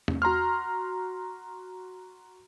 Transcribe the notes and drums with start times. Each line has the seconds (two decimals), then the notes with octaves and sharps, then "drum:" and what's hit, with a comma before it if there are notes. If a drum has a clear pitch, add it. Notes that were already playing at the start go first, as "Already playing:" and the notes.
0.08 drum: tom E2
0.22 F#4 A#5 C6 F6